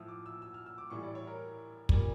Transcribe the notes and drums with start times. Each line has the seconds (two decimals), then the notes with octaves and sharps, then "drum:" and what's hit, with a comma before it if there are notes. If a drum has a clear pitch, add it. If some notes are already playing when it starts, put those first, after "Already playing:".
Already playing: A2 F3 E6
0.08 D6
0.26 E6
0.42 E6
0.54 F6
0.66 E6
0.78 D6
0.90 A2 E3 G3 C#6
1.03 D5
1.15 C#5
1.27 A#4
1.89 A#2 G3, drum: kick